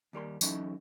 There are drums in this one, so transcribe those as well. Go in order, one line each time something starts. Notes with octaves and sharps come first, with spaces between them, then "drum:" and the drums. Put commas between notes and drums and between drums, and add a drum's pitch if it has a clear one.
D#2 G3 A#4 C6
E3 F#3 C#4 D#4 A4 E5, drum: tambourine